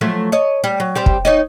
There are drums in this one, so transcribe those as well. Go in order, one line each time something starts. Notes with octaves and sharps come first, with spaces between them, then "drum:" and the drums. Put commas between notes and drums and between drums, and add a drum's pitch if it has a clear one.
F3 F#3 A3
C#5 D#5
G3
F#3
G3 C4 G4
drum: kick
D#4 C#5 D#5